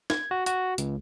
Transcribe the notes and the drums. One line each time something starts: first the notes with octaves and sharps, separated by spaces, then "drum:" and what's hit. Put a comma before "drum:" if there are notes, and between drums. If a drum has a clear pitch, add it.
G#6, drum: snare
F#4
F#4, drum: hi-hat
C#2, drum: hi-hat